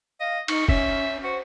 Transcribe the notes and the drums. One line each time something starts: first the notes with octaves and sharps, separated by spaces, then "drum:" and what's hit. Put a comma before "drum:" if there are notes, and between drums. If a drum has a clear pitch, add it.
D#5 F5
D#4 C#6, drum: cymbal
C#4 E5, drum: kick
F#4 C5